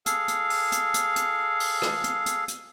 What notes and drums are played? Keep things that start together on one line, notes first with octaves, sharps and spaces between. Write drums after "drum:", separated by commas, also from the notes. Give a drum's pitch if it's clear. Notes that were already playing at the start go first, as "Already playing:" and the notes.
G#4 A4 F5, drum: hi-hat
drum: hi-hat
drum: open hi-hat
drum: hi-hat
drum: hi-hat
drum: hi-hat
drum: open hi-hat
drum: rim click
drum: hi-hat
drum: hi-hat
drum: hi-hat